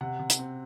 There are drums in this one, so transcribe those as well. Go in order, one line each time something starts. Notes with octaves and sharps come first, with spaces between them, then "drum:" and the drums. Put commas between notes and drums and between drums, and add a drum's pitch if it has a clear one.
C3 F#5
C3
drum: hi-hat
C4